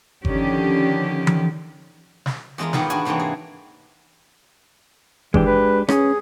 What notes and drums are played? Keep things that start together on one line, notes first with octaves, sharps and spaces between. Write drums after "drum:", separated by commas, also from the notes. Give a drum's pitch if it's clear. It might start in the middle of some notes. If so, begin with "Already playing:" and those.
D3 D#3 F3 C#4 G4, drum: kick G1
drum: tom E3
drum: snare
E2 G#3 F4 A#4 A#5
G#2 D#3 G#3 B3 G4, drum: snare
D4 F#4 G#5, drum: hi-hat
G#2 C3 E3 A#3 C4
G#4
E3 G#3 D4 G4, drum: kick G1
B4
C#4 G#4, drum: rim click